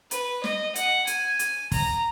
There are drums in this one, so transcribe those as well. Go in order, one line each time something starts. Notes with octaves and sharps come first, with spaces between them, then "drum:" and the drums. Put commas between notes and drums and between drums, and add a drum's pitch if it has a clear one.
B4, drum: hi-hat
D#5, drum: snare
F#5, drum: hi-hat
G#5, drum: hi-hat
drum: hi-hat
A#5, drum: kick, open hi-hat